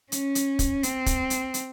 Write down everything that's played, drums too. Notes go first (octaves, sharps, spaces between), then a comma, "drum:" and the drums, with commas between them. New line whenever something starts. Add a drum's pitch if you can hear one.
C#4, drum: hi-hat
drum: hi-hat
drum: kick, hi-hat
C4, drum: hi-hat
drum: kick, hi-hat
drum: hi-hat
drum: hi-hat